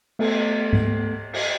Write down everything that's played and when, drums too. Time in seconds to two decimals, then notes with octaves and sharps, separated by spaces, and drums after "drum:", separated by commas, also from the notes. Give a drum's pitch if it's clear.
0.19 A3 B3 A4, drum: cymbal
0.73 drum: tom G#2
1.33 drum: cymbal